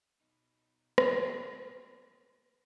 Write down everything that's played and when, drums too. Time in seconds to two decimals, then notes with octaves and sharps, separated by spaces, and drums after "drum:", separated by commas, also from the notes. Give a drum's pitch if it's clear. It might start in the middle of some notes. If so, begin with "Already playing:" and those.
0.21 B2 D#4
0.98 drum: rim click